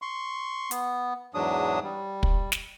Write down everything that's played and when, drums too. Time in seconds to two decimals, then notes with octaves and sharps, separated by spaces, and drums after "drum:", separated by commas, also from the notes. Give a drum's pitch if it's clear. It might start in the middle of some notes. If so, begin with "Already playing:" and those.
0.02 C6 C#6
0.71 B3, drum: hi-hat
1.34 E2 G#2 F#3 D4 D#6
1.83 G3
2.23 drum: kick
2.52 drum: snare